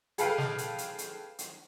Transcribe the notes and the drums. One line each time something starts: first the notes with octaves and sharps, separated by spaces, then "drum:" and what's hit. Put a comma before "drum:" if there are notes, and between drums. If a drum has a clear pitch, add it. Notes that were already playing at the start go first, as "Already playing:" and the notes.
G#4 A4 B4 F5 G5, drum: hi-hat
drum: snare
drum: hi-hat
drum: hi-hat
drum: hi-hat
drum: hi-hat